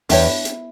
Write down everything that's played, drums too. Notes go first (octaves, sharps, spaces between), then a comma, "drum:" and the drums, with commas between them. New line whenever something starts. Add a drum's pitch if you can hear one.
E2 D4 G4 C#5, drum: open hi-hat
drum: hi-hat